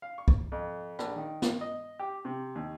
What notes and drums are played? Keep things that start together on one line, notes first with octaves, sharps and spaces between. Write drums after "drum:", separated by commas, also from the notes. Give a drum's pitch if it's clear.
F5
C#6
drum: kick
F2
A#1, drum: rim click
D#3
drum: snare
D#5
G4
C3
D#2